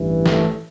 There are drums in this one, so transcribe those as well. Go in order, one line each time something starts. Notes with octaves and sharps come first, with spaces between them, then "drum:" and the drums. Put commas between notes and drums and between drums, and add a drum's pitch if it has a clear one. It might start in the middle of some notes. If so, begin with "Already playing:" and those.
Already playing: A1 G2 E3
A3, drum: snare